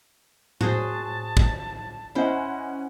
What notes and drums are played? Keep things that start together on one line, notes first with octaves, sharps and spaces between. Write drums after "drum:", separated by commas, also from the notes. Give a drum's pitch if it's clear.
F#4 G#4 C5 A5, drum: tom A2
drum: kick
C#4 E4 C5 D#5 F#5